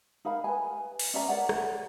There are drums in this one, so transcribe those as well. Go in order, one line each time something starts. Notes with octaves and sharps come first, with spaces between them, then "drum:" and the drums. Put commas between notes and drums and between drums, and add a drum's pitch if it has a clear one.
D#4 A#4 F5 B5
B4 G#5
drum: open hi-hat
C#4 D5 E5 A#5
A#4 C#5 D5 F#5
drum: rim click